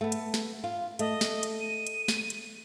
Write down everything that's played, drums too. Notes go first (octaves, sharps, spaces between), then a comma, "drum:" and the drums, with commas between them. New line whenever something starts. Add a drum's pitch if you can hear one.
A3 B3
drum: hi-hat
drum: snare
F4
A3 D#5, drum: hi-hat
drum: snare
drum: hi-hat
D#7
drum: hi-hat
drum: snare
drum: hi-hat